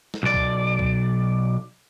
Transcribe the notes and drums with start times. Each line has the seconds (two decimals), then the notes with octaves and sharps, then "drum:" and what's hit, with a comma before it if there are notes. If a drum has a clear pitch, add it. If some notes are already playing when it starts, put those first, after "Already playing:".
0.14 drum: snare
0.23 B1 D5
0.34 drum: kick C2
0.79 drum: kick C2